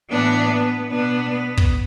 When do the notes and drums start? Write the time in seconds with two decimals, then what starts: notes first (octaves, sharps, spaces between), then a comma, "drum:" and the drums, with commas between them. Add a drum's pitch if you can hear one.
0.10 A2 E3 B3 D4
0.50 B3
0.89 B2 B3 D4
1.29 B3
1.57 drum: kick